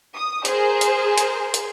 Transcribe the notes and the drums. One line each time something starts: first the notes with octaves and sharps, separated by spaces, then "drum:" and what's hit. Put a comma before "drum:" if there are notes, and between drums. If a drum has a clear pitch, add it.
D#6
G#4 A#4 C5, drum: hi-hat
drum: hi-hat
drum: hi-hat
drum: hi-hat